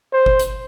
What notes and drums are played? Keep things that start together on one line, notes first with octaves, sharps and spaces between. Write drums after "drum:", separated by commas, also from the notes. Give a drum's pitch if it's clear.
C5
drum: kick G1
drum: hi-hat